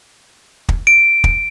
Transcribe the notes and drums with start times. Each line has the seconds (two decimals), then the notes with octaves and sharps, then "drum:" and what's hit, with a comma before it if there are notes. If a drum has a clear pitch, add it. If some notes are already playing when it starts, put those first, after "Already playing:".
0.69 drum: kick
0.87 D7
1.24 drum: kick